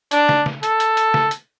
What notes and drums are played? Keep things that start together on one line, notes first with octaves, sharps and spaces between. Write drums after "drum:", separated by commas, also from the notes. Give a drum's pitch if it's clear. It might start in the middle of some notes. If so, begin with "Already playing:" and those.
D4, drum: hi-hat
drum: snare
drum: snare
A4, drum: hi-hat
drum: hi-hat
drum: hi-hat
drum: snare
drum: hi-hat